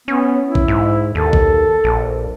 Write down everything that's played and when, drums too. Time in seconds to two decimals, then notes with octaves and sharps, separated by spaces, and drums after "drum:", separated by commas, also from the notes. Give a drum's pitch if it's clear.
0.08 B3 C#4
0.45 E4
0.55 drum: kick
0.68 G#2
1.15 D#2 A4
1.33 drum: kick
1.84 A#1